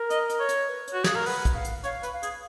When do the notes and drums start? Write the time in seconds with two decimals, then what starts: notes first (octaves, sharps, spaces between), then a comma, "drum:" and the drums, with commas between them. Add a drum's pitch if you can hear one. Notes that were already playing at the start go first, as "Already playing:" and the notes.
Already playing: A#4
0.10 D#5, drum: hi-hat
0.29 drum: hi-hat
0.39 C#5
0.49 drum: hi-hat
0.68 B4
0.88 C#5, drum: hi-hat
0.93 F#4
1.04 G#4 F5, drum: snare
1.15 A#4
1.26 B4 F#5, drum: open hi-hat
1.45 drum: kick, hi-hat
1.54 F5
1.65 drum: hi-hat
1.84 C#5 F5, drum: hi-hat
2.03 B4, drum: hi-hat
2.13 F5
2.23 G#4, drum: hi-hat